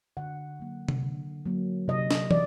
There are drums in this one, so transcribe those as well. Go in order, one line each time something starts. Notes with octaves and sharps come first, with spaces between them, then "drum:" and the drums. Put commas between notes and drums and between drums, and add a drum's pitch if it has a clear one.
D3 F#5
F#3 A#3
drum: tom C3
D3
F#3 A#3
C3 D#5
drum: snare
D5, drum: tom